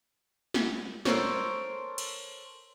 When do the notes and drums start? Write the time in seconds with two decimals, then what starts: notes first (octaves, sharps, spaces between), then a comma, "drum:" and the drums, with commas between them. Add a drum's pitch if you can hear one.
0.54 drum: snare
1.05 A4 A#4 C5 C#5, drum: snare
1.98 drum: cymbal